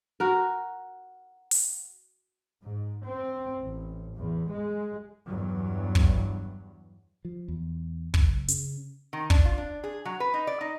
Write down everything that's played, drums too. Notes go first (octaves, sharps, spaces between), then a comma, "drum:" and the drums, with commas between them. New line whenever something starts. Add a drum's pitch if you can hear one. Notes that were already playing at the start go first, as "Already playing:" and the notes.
F#4 A#4
drum: open hi-hat
G#2
C4
A1
E2
G#3
E2 G2 F#3
drum: kick
F3
E2
F#1, drum: kick
C#3, drum: hi-hat
D#3
D4, drum: kick
F4
D4
G#4
F#3
B4
D#4
D5
D#4